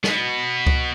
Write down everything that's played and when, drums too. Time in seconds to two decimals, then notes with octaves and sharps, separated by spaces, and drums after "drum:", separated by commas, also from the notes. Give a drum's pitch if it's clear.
0.04 B2 B3, drum: snare
0.67 drum: kick C#2